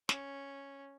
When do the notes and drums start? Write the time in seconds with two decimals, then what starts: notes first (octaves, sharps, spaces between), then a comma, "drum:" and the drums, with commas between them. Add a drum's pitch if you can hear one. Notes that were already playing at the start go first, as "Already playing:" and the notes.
0.09 C#4, drum: snare